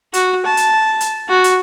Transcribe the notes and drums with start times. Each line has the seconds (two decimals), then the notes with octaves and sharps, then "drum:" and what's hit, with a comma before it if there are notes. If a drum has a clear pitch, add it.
0.14 F#4, drum: hi-hat
0.45 A5
0.57 drum: hi-hat
1.01 drum: hi-hat
1.28 F#4
1.44 drum: hi-hat